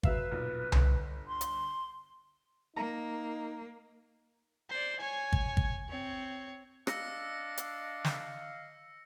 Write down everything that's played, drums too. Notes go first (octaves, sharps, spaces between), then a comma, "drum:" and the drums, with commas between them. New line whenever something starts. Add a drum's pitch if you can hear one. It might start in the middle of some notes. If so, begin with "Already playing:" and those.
F#3 B4 E5 F5, drum: kick
B1 A#2
G1, drum: tom C2
C6
drum: hi-hat
A#3 D#4 A#5
C5 D5
C#5 G#5
drum: kick
drum: kick
C4 C#5
D4 D#5 F5 E6 A#6 C#7, drum: rim click
drum: hi-hat
drum: snare